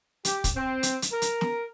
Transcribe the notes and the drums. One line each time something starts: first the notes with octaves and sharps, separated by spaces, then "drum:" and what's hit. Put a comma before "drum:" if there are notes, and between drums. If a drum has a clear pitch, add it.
G4, drum: hi-hat
drum: kick, hi-hat
C4
drum: hi-hat
drum: hi-hat
A#4
drum: hi-hat
drum: snare